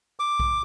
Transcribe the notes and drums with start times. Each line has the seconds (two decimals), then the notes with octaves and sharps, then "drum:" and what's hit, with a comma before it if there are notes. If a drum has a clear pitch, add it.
0.20 D6
0.40 drum: kick B1